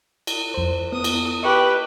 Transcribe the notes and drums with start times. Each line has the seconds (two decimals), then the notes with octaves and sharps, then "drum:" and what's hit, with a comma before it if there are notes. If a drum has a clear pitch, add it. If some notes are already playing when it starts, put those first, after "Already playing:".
0.27 drum: cymbal
0.54 F2 C5
0.92 B3 D#6
1.04 drum: cymbal
1.43 G4 B4 D#5 C#6